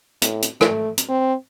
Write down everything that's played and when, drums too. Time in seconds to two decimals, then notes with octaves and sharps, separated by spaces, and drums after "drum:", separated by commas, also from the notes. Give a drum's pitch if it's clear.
0.22 A2, drum: hi-hat
0.42 drum: hi-hat
0.61 A3, drum: rim click
0.98 drum: hi-hat
1.09 C4